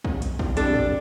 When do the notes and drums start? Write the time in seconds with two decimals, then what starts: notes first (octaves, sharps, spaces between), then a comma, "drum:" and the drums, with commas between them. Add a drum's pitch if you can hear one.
0.05 drum: kick
0.22 drum: hi-hat
0.39 drum: kick
0.57 C3 G3 D4 A4, drum: hi-hat
0.74 drum: tom